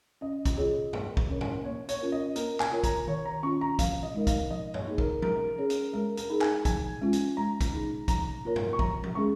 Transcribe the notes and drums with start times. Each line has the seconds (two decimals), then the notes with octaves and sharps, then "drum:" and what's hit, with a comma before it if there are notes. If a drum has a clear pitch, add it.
0.21 C#4 D#5
0.45 drum: kick, hi-hat
0.57 F4 G#4 C#5
0.93 A#3, drum: tom G2
1.17 drum: kick
1.29 C#4 A#4 C#5
1.41 drum: tom G2
1.64 A#3 C#5
1.89 C#5, drum: hi-hat
2.01 C#4 F4 A#4
2.12 D#5
2.36 A#3 A#4, drum: hi-hat
2.60 G#5, drum: clap
2.71 F4 A#4 C#5
2.84 A#5, drum: kick, hi-hat
3.07 D#3 C#5
3.25 A#5
3.43 C#4 F4 C#6
3.61 A#5
3.79 F3 F5, drum: kick, hi-hat
4.03 D#5
4.14 G#3 D#4 A#4
4.27 F5, drum: kick, hi-hat
4.51 F3 D#5
4.74 C#5, drum: tom G2
4.86 A#3 D#4 G#4
4.98 A#4, drum: kick
5.22 G#3 A#4, drum: tom F3
5.58 C#4 G#4 C#5
5.70 drum: hi-hat
5.93 G#3 A#4
6.17 A#4, drum: hi-hat
6.30 D#4 G#4
6.41 G#5, drum: clap
6.65 F3 G#5, drum: kick, hi-hat
7.01 G#3 C#4 F4
7.13 drum: hi-hat
7.37 G#3 A#5
7.61 drum: kick, hi-hat
7.72 D#4 G#4
8.08 F3 A#5, drum: kick, hi-hat
8.44 A#3 F4 A#4 C#5
8.56 drum: tom G2
8.73 C#6
8.79 F3 A#5, drum: kick
9.04 drum: tom F3
9.15 G#3 C#4 G#4 C#6